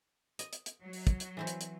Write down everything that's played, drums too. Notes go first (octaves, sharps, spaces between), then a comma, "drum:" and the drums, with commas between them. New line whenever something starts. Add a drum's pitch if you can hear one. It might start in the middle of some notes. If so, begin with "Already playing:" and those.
D#5, drum: hi-hat
drum: hi-hat
drum: hi-hat
F#3
drum: open hi-hat
drum: kick, hi-hat
drum: hi-hat
E3 C4 E4
drum: hi-hat
drum: hi-hat